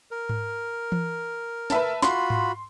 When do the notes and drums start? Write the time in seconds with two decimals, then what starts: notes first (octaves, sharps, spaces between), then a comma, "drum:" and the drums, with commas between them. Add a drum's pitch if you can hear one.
0.11 A#4
0.29 drum: tom G#2
0.92 drum: tom E3
1.70 B4 E5 A5, drum: snare
2.02 F4 F#4 B5 C6, drum: snare
2.30 drum: tom G#2